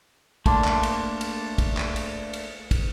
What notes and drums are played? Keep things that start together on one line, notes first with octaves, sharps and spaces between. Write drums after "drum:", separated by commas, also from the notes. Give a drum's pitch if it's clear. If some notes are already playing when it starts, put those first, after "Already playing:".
A3 A#3 D4 A5 C6 D6, drum: kick, cymbal
drum: clap
drum: cymbal
drum: cymbal
drum: kick, cymbal
drum: clap
drum: cymbal
drum: cymbal
drum: kick, cymbal